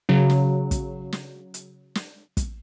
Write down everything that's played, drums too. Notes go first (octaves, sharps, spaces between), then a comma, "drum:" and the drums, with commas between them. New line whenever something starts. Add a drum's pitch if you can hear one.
C#3 F#3
drum: snare
drum: kick, hi-hat
drum: snare
drum: hi-hat
drum: snare
drum: kick, hi-hat